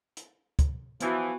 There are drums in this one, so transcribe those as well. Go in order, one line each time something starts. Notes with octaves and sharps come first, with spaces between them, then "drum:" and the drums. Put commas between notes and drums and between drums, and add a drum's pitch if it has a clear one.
drum: hi-hat
drum: kick C#2, hi-hat
E3 F3 B3 F#4, drum: hi-hat